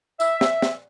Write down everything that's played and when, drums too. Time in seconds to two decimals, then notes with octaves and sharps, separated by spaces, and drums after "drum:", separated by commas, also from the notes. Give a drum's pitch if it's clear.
0.20 E5, drum: tambourine
0.41 drum: snare
0.62 drum: snare